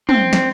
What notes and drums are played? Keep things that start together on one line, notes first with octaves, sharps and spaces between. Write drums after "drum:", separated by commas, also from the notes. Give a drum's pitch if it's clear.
C4, drum: tom
drum: snare